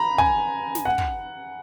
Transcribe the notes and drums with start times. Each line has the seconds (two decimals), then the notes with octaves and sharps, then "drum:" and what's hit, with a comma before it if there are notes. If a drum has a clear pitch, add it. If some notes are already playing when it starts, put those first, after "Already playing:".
Already playing: A#5 B5
0.18 G#5, drum: kick
0.75 drum: snare
0.85 F#5
0.98 drum: kick